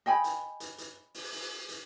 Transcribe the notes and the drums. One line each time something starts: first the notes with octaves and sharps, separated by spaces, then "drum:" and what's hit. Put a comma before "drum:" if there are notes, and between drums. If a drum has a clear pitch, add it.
D#5 G5 G#5 B5
drum: hi-hat
drum: hi-hat
drum: hi-hat
drum: open hi-hat
drum: open hi-hat
drum: hi-hat